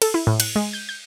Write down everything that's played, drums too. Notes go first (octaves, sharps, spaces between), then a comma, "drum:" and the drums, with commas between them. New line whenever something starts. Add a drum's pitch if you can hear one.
A4, drum: cymbal
E4
A2
F#6, drum: cymbal
G#3
G6
G6